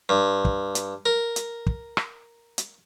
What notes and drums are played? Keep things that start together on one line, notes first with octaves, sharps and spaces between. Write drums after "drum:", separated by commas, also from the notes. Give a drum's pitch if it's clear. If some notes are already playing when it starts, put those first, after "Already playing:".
G2
drum: kick
drum: hi-hat
A#4
drum: hi-hat
drum: kick
drum: rim click
drum: hi-hat